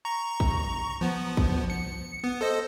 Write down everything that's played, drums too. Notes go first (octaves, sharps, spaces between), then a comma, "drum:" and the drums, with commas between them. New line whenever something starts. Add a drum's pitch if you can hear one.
A#5 C#6
drum: kick
F3 B3
drum: kick
C#7
B3
A4 C5 D#5